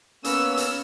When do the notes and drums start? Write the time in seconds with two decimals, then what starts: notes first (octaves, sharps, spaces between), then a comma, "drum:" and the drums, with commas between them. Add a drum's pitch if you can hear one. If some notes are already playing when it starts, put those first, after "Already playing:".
0.24 A#3 B3 C#4 E6, drum: hi-hat
0.57 drum: hi-hat